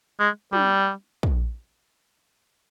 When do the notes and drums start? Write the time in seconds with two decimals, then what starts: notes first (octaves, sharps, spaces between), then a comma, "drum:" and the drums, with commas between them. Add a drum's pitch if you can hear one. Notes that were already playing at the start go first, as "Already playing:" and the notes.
0.20 G#3
0.53 G3, drum: tom
1.23 drum: kick